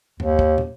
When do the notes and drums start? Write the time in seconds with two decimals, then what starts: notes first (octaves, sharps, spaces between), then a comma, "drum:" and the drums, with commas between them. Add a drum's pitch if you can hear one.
0.20 D#2, drum: tom F#2
0.39 drum: kick
0.58 drum: tom